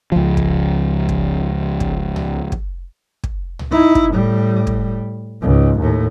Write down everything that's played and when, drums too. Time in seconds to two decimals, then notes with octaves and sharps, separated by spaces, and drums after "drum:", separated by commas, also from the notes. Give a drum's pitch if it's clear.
0.12 C#2 F3
0.37 drum: kick
1.09 drum: kick
1.80 drum: kick
2.16 drum: tom
2.52 drum: kick
3.24 drum: kick
3.59 drum: tom
3.71 D#4 E4
3.95 drum: kick
4.13 A2 G3
4.67 drum: kick
5.41 C#2 G#2
5.80 D#2 A2